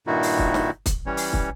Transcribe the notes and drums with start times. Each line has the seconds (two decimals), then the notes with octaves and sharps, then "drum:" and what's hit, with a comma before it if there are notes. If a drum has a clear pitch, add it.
0.07 G2 A#2 D#3 D#4 E4 F#4
0.23 drum: open hi-hat
0.38 drum: kick
0.54 drum: snare
0.86 drum: kick, hi-hat
1.06 E3 G3 C#4 C#5
1.17 drum: open hi-hat
1.33 drum: kick